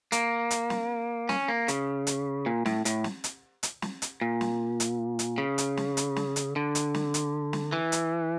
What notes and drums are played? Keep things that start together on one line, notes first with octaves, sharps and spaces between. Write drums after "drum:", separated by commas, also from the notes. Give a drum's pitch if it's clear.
A#3, drum: hi-hat
drum: hi-hat
drum: snare
C#4, drum: snare
A#3
C#3, drum: hi-hat
drum: hi-hat
A#2
A2, drum: snare
A2, drum: hi-hat
drum: snare
drum: hi-hat
drum: hi-hat
drum: snare
drum: hi-hat
A#2
drum: snare
drum: hi-hat
drum: hi-hat
C#3
drum: hi-hat
drum: snare
drum: hi-hat
drum: snare
drum: hi-hat
D3
drum: hi-hat
drum: snare
drum: hi-hat
drum: snare
E3
drum: hi-hat